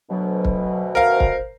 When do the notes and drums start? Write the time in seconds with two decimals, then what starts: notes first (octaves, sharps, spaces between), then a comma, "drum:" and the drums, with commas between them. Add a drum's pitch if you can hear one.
0.10 D2 B2 F#3
0.45 drum: kick
0.95 A#4 C5 F5
1.20 drum: kick